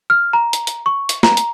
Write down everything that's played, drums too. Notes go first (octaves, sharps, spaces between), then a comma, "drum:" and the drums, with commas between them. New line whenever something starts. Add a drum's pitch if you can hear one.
F6
A#5
drum: hi-hat
drum: hi-hat
C#6
drum: hi-hat
A#5, drum: snare
drum: hi-hat